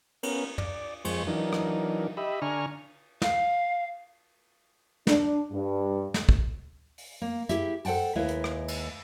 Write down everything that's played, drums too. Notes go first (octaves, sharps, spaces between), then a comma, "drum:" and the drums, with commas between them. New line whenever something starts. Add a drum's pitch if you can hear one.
B3 C#4 A#4, drum: cymbal
D5, drum: tom
F2 G#3 C5 C#6, drum: cymbal
E3 F#3 D4 D#4 A#4
drum: rim click
G4 D#5 E5 B5
D3 D4 G#5 A#5 C#6 F6
F5, drum: snare
D4, drum: snare
G2
drum: snare
drum: kick
drum: open hi-hat
A#3
E4 G4 G#4 E5, drum: hi-hat
A4 C5 F#5 G5 A5, drum: open hi-hat
D#2 G#3 E4 B4 E5 F5
drum: hi-hat
drum: rim click
drum: cymbal